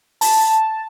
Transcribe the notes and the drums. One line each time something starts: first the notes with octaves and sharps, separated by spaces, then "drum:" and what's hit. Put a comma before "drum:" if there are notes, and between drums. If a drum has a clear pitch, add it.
A5, drum: open hi-hat